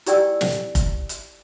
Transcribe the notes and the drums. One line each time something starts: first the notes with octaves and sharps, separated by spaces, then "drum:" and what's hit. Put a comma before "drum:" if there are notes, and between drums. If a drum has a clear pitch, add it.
E4 G4 D5 G5 G#5 E6, drum: hi-hat
drum: snare
drum: kick F1, hi-hat
drum: hi-hat